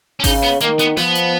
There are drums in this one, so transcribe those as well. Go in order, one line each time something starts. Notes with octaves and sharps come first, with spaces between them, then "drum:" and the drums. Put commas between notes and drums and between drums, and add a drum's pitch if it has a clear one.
C#4
C#3 D#4, drum: kick G#1, open hi-hat
B3
D#3 A#3, drum: hi-hat
B3, drum: hi-hat
F3 B3, drum: snare
drum: hi-hat